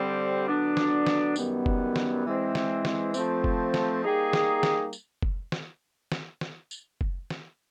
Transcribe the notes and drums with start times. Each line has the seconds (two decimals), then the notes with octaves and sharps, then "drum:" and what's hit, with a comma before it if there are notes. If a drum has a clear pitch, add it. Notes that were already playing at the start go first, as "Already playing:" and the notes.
Already playing: D3 G3 C4
0.48 D3 F#3 B3 D4
0.77 drum: snare
1.07 drum: snare
1.36 F#2 D#3 G3 B3, drum: tambourine
1.66 drum: kick F#1
1.96 drum: snare
2.25 E3 G#3 C4
2.55 drum: snare
2.85 drum: snare
3.14 F3 A3 C4, drum: tambourine
3.44 drum: kick F#1
3.74 drum: snare
4.04 G3 A#3 D#4 G#4
4.33 drum: snare
4.63 drum: snare
4.93 drum: tambourine
5.22 drum: kick F#1
5.52 drum: snare
6.12 drum: snare
6.41 drum: snare
6.71 drum: tambourine
7.01 drum: kick F#1
7.30 drum: snare